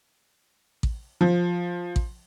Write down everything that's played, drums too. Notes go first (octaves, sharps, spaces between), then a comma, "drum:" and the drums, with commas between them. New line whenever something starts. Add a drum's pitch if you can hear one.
drum: kick A1
F3
drum: kick A1